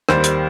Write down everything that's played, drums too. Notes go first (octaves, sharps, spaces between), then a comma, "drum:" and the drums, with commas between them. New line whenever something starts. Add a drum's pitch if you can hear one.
D#2 D#3 G3 C5, drum: rim click
drum: hi-hat